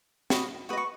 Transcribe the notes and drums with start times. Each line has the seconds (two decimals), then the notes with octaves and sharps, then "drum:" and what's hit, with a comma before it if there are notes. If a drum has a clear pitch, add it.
0.30 F#4 B4 D#5, drum: snare
0.69 F#4 B4 D#5 D#6
0.77 C#6